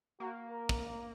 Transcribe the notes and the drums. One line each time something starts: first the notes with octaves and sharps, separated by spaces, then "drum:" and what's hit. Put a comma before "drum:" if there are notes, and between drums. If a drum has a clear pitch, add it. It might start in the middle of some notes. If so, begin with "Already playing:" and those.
A#3 F#4
A#4
drum: kick